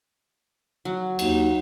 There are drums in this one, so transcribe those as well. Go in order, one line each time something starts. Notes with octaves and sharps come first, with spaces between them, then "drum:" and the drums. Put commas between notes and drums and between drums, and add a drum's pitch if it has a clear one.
F#3
D#2 D#4 F#4, drum: cymbal